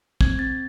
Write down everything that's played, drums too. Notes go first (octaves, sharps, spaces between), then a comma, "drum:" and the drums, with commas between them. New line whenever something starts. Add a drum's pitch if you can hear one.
C4 G#6, drum: kick
C4 A6